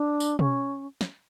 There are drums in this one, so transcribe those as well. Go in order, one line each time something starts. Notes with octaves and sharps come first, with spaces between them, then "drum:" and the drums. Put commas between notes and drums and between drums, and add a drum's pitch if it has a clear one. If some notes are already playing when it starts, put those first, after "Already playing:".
Already playing: D4
drum: tambourine
C#4, drum: tom B2
drum: snare